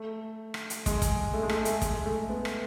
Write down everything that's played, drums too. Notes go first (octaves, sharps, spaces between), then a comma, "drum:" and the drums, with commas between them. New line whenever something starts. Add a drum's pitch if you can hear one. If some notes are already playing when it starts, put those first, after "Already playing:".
Already playing: A3
drum: rim click
drum: hi-hat
G#3, drum: kick, hi-hat
drum: kick, hi-hat
A3
G#3
A3, drum: rim click
A3, drum: hi-hat
G#3, drum: kick, hi-hat
A3
B3
drum: rim click